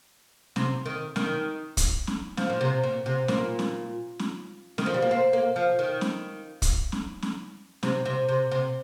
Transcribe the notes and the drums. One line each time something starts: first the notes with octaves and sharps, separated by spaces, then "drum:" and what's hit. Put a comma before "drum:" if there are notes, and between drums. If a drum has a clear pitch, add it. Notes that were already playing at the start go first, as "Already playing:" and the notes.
C3, drum: snare
D#3
D#3, drum: snare
drum: kick, hi-hat
drum: snare
F3, drum: snare
A#2
C3
A#2
C3
A#2, drum: snare
drum: snare
drum: snare
D#3, drum: snare
F3
G3
A#3
C4
A#3
F3
D#3
drum: snare
drum: kick, hi-hat
drum: snare
drum: snare
C3, drum: snare
C3
C3
C3